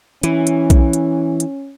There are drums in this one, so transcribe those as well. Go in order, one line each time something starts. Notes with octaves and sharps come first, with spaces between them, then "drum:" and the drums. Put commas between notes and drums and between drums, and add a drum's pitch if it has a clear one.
E3 C#4, drum: hi-hat
drum: hi-hat
drum: kick B1, hi-hat
drum: hi-hat
drum: hi-hat